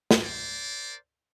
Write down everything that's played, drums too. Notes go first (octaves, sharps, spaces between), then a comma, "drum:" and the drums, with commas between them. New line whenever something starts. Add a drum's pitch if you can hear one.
drum: snare
A#4 C5 D5